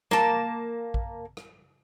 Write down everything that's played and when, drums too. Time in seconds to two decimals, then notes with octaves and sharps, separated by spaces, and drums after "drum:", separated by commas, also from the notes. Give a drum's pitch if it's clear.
0.11 A#3 A5, drum: snare
0.94 drum: kick
1.37 drum: rim click